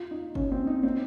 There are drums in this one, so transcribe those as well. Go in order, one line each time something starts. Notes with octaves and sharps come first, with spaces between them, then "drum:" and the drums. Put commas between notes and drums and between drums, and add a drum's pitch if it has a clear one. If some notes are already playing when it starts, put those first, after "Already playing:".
Already playing: F4
D#4
C#4, drum: kick G1
C4
D#4
C4